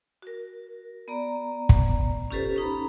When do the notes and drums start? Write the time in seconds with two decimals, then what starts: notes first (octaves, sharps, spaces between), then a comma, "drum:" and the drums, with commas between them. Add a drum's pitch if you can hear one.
0.22 F#4 A#4
1.08 B3 D5 A#5
1.69 drum: kick
2.31 C#4 F4 G4 A4 B4 C5
2.56 C#4 D#4 A#5 B5